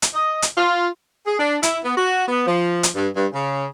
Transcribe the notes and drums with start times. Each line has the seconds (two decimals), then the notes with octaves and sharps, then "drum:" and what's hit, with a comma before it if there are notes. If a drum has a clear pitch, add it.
0.02 drum: hi-hat
0.15 D#5
0.42 drum: hi-hat
0.57 F4
1.27 G#4
1.39 D4
1.63 E4, drum: hi-hat
1.84 B3
1.97 F#4
2.28 B3
2.47 F3
2.83 drum: hi-hat
2.96 G2
3.16 G2
3.33 C#3